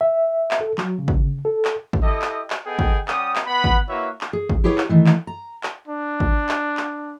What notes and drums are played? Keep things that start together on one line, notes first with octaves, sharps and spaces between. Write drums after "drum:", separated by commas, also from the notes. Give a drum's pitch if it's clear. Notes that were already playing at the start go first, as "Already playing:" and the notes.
E5
drum: clap
A4
F#3, drum: clap
C#3
drum: kick
A4
drum: clap
drum: kick
E4 G4 A4 D#5
drum: clap
drum: clap
B3 G#4 A4 D#5 G5
drum: kick
G3 C#4 G4 F#5 D#6, drum: clap
drum: clap
B3 F#5 B5
drum: kick
A#3 E4 F#4 B4 C#5 E5
drum: clap
G#4
drum: kick
E4 G4 G#4 B4 C#5 F#5
drum: clap
D#3 E3 A3
drum: clap
A#5
drum: clap
D4
drum: kick
drum: clap
drum: clap